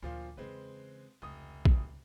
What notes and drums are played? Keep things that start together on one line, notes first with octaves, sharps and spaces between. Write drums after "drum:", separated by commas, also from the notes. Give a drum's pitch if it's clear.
D2 A#2 F3 F4
E2 C#3 G#3 C4 B4
F1 C#2 D#6
drum: kick